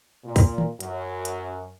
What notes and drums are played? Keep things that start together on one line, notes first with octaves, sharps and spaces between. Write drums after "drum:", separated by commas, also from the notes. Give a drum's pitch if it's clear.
A#2
drum: kick, open hi-hat
drum: tom
F#2, drum: hi-hat
drum: hi-hat